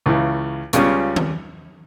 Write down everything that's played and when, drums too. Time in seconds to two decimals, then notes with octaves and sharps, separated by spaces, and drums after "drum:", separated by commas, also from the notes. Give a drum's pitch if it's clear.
0.06 C#2 C#3 E3
0.73 C#2 C#3 G3 C#4 F4, drum: hi-hat
1.16 drum: tom D#3